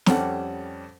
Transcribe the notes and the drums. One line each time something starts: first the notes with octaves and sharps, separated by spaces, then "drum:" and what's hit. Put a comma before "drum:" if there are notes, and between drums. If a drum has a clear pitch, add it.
F2 G3 C#4 G4 A4 F#5, drum: snare